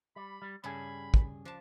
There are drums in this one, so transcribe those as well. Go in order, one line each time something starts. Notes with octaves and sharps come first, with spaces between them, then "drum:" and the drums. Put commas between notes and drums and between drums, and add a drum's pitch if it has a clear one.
G3 B5
G3
G2 C#3 G3 G#4 A4 B5
drum: kick
F3 D4 A5